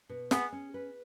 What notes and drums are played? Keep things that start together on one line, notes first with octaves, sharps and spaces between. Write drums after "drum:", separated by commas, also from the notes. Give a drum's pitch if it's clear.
B2
B3 G#4, drum: snare
C#4
B4